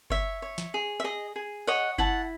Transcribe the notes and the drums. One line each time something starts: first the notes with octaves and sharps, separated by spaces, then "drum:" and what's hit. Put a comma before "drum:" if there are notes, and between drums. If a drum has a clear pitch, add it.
C#5 E5, drum: kick F#1
C#5
drum: snare
G#4
E5
G#4 D#5
G#4
C#5 D#5 F#5
E4 F#5 A5, drum: kick F#1